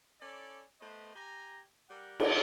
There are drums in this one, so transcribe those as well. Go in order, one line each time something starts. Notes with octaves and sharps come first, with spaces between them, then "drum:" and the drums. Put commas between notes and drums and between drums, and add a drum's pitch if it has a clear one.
C#4 E4 A4 D5
A3 B3 B4 C5 D#5
G4 G#5 A#5
G3 G4 A#4 F#5
drum: cymbal